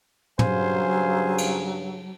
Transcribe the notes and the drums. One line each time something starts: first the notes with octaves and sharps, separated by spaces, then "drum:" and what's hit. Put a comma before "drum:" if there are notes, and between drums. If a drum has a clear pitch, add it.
G2 C#3 F#3 C5 F5 G#5, drum: tom
drum: cymbal